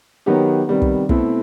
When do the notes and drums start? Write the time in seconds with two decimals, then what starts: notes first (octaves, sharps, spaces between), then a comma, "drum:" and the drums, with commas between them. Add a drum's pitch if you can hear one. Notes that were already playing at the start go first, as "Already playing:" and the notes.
0.26 D#3 F#3 B3 D#4 G4
0.67 C3 D#3 G3 B3
0.82 drum: kick
1.09 B2 A3 C4 E4 A4, drum: kick